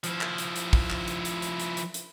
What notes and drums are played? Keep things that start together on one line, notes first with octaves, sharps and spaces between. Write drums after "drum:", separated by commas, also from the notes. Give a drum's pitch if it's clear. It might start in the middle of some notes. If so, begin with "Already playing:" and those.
F3 E4, drum: hi-hat
drum: clap
drum: hi-hat
drum: hi-hat
drum: kick, open hi-hat
drum: clap
drum: hi-hat
drum: hi-hat
drum: hi-hat
drum: hi-hat
drum: hi-hat
drum: hi-hat